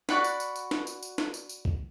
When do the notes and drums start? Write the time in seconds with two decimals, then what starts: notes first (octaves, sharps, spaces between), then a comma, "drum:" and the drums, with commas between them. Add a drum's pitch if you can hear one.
0.09 F#4 D5 F#5 B5, drum: snare D4
0.24 drum: tambourine
0.40 drum: tambourine
0.56 drum: tambourine
0.71 drum: snare D4
0.87 drum: tambourine
1.03 drum: tambourine
1.18 drum: snare D4
1.34 drum: tambourine
1.49 drum: tambourine
1.65 drum: kick